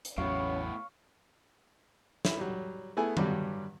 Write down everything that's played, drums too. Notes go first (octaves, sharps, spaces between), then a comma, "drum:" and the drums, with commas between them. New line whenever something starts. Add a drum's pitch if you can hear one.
drum: hi-hat
A1 E2 A2 F#3 B3 C#4 C#5 F5
E4, drum: snare
F#3 G3
A3 B3 E4 G#4 G#5
G2 D3 F#3 G3, drum: tom D#3